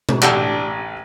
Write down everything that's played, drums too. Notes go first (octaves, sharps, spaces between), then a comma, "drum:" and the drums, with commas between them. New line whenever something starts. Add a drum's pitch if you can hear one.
drum: tom B2
A1 D4 G4 F#5 A5 E6, drum: clap